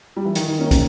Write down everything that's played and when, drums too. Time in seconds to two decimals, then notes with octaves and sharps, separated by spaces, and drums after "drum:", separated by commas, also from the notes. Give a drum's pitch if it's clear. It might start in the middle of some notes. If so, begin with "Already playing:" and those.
0.16 G3
0.25 E3
0.35 D#3, drum: hi-hat
0.48 D#3
0.59 A#3 C#4
0.71 drum: kick, hi-hat